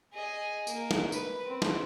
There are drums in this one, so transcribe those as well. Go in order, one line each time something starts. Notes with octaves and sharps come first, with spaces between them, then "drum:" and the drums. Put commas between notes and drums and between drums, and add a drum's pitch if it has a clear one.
G#4 D#5
A#3, drum: tambourine
drum: snare
B4, drum: tambourine
C4
drum: snare